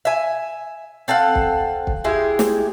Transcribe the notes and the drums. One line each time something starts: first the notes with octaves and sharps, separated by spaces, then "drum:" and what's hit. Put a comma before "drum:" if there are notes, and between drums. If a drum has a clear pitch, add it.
E5 G#5
C4 A4 F5 F#5
drum: kick
drum: kick
G#3 E4 G4 G#4
drum: snare